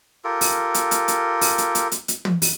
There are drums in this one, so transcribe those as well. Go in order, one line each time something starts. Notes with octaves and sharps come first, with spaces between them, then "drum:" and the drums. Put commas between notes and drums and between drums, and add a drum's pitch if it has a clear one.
F4 G4 A4 A#4
drum: open hi-hat
drum: hi-hat
drum: hi-hat
drum: hi-hat
drum: open hi-hat
drum: hi-hat
drum: hi-hat
drum: hi-hat
drum: hi-hat
drum: tom
drum: open hi-hat